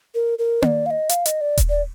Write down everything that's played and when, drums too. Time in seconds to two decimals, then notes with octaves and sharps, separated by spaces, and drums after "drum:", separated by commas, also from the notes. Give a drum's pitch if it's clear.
0.15 A#4
0.39 A#4
0.62 D#5, drum: tom A#3
0.66 D5
0.86 F5
0.91 D#5
1.09 F5, drum: hi-hat
1.26 D#5, drum: hi-hat
1.41 D5
1.58 drum: kick D#1, hi-hat
1.69 D5